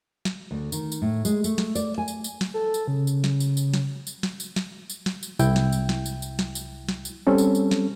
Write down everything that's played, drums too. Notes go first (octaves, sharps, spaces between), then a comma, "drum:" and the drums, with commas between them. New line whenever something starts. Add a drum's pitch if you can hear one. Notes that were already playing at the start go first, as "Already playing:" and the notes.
drum: snare
D2
D#3, drum: tambourine
drum: tambourine
A2
G#3, drum: tambourine
A3, drum: tambourine
drum: snare
D5, drum: tambourine
G#5
drum: tambourine
drum: tambourine
drum: snare
A4
drum: tambourine
C#3
drum: tambourine
drum: snare
drum: tambourine
drum: tambourine
drum: snare
drum: tambourine
drum: snare
drum: tambourine
drum: snare
drum: tambourine
drum: snare
drum: tambourine
C2 E4 G5, drum: tambourine
drum: snare
drum: tambourine
drum: snare
drum: tambourine
drum: tambourine
drum: snare
drum: tambourine
drum: snare
drum: tambourine
G3 C4 C#4 A4
drum: tambourine
drum: tambourine
drum: snare